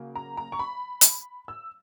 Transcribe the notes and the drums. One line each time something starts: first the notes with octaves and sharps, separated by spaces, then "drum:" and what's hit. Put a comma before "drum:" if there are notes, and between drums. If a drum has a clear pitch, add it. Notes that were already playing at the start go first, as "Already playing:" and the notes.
Already playing: C#3 F#3 A#3
A#5
A#5
C#6
B5
drum: hi-hat
E6